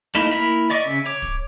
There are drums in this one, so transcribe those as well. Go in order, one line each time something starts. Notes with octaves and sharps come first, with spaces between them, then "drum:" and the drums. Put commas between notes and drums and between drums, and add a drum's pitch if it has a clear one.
A3 A#3 D#4 E4
A#3 E4 A#4 B5
D5 D#5 C#6 D6
C#3 E5
C#5 D6
drum: kick D1